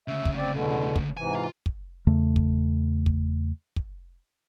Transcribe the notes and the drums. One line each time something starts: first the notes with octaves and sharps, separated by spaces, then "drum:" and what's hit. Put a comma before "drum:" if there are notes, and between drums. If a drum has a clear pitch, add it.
D2 C#3 E5
drum: kick
C4 D5
E2 B2 D3
drum: kick
G#2 C3 E3 G#5
F4
drum: kick
E2 C#3 A3
drum: kick
drum: kick
drum: kick